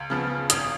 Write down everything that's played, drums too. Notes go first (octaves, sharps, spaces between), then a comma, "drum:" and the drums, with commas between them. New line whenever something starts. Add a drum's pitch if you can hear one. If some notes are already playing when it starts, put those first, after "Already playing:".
Already playing: C#2
C#3 F3 B3
G#1 D#6, drum: hi-hat